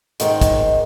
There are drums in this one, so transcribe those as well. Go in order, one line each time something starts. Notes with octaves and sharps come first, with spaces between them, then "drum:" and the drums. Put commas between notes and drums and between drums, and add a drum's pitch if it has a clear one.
G#2 D#3 G#3, drum: hi-hat
drum: kick, hi-hat